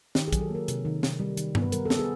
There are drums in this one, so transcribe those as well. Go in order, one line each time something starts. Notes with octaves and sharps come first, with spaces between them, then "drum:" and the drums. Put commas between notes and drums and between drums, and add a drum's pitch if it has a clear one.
D#3 G4, drum: snare
G#4
F#3, drum: kick, hi-hat
A4
A#3 A#4
C3, drum: hi-hat
D#3
C3, drum: snare
G3
D#3, drum: hi-hat
B3, drum: tom G2
B4
G3 A#4, drum: hi-hat
A4
B3, drum: snare
G#4